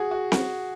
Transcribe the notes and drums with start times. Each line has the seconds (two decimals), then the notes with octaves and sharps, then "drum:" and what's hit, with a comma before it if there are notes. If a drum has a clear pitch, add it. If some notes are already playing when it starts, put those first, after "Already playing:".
Already playing: F#4 G#4
0.11 F#4
0.32 F#4, drum: snare C4